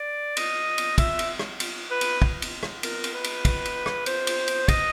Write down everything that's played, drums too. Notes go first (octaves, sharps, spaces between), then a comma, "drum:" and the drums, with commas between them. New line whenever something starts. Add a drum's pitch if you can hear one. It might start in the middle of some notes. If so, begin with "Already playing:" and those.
Already playing: D5
D#5, drum: cymbal
drum: cymbal
E5, drum: kick, cymbal
drum: cymbal
drum: rim click
drum: cymbal
B4
drum: cymbal
drum: kick
drum: cymbal
drum: rim click
A#4, drum: cymbal
drum: cymbal
B4
drum: cymbal
drum: kick, cymbal
drum: cymbal
drum: rim click
C5, drum: cymbal
drum: cymbal
drum: cymbal
D#5, drum: kick, cymbal